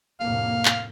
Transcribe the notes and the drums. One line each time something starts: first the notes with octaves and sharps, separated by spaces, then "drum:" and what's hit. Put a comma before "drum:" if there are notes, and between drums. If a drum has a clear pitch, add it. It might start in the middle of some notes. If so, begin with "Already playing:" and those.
F1 A2 A#3 F5
drum: clap